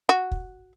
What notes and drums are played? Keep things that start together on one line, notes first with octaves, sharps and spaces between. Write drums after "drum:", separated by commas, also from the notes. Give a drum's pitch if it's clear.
F#4
drum: kick